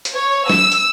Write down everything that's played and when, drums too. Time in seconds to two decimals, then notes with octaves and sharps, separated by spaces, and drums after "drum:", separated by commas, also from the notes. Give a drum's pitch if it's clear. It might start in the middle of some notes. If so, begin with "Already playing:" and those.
0.05 drum: hi-hat
0.15 C#5
0.50 E6, drum: snare
0.72 drum: hi-hat